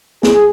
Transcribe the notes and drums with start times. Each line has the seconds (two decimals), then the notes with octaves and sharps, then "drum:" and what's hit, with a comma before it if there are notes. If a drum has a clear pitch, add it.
0.23 G#4, drum: snare